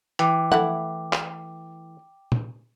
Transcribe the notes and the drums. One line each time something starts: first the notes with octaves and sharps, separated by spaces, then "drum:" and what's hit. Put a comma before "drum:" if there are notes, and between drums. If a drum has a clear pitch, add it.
E3 G5 D6, drum: hi-hat
A3 E4 F#5, drum: tom
drum: clap
drum: tom